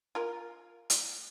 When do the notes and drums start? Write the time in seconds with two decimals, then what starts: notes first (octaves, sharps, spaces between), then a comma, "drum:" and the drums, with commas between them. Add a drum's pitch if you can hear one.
0.15 F4 A#4
0.90 drum: hi-hat